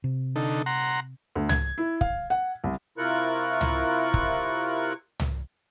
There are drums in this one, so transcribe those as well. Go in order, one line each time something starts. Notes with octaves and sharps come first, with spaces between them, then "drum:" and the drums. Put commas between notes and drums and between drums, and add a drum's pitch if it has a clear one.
C3
D3 D#4 A4
F#5 A#5 C6
D2
G#6, drum: tom
E4
F5, drum: kick
F#5
C2
C3 E4 F4 A#4 C#6 F#6
drum: tom
drum: kick
drum: tom